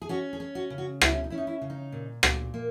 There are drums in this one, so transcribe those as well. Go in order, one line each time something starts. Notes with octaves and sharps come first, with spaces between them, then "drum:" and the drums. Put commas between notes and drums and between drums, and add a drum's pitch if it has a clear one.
G#4
C#4 F#4
G#4
C#4
F#4
C#3
F#4
C#4 E4, drum: rim click
D#4
C#4 E4
D#4
E4
C#3
D#4
A#2
A#2, drum: rim click
A#3